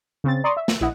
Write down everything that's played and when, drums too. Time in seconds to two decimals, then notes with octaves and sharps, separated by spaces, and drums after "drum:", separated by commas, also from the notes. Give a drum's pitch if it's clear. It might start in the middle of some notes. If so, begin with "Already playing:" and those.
0.24 C#3 C4 A6
0.44 D5 A#5 C6 C#6 D#6
0.57 E5
0.68 drum: snare
0.81 A#1 E4 D#5 F#5